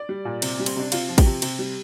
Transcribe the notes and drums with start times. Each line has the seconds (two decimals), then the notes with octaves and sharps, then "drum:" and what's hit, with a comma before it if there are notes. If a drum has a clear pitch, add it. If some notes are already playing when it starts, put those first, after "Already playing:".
Already playing: D5
0.09 G3
0.25 A#2
0.42 C3, drum: cymbal
0.59 G3
0.66 C4, drum: cymbal
0.76 C3 D4
0.92 C3 F4, drum: cymbal
1.09 F3
1.18 G4, drum: kick, cymbal
1.26 C3
1.42 C3, drum: cymbal
1.59 G3